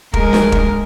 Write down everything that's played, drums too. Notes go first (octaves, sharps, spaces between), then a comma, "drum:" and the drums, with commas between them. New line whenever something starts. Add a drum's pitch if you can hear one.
G#3 A#4, drum: kick E1
drum: snare
drum: kick E1